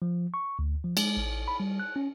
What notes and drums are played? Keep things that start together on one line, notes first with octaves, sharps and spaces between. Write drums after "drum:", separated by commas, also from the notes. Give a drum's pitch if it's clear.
F3
C#6
D2
F3
G#3, drum: cymbal
A1
B5
G3
F#6
C#4